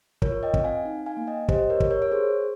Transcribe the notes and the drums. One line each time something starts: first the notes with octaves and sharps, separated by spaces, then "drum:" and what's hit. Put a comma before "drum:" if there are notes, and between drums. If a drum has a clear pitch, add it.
F4 A#4 C#5, drum: kick
D#5 G5
C4, drum: kick
F5 G#5
D#4
F5 G#5
A#3
D#5 G5
G4 C5 D#5, drum: kick
A#4 C#5
G4, drum: kick
A#4 C#5
C#5
G#4 C5